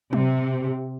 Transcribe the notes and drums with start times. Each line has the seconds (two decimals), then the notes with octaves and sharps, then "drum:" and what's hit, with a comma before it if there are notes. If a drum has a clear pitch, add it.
0.13 C3, drum: tom F#3